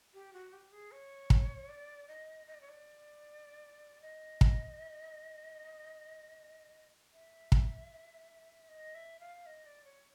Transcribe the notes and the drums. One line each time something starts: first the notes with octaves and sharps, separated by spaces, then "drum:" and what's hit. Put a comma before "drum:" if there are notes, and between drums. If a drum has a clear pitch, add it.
G4
F#4
G4
G#4
C#5
drum: kick
D5
D#5
D#5
D5
C#5
D5
D#5
drum: kick
E5
drum: kick
D#5
E5
F5
D#5
D5
C#5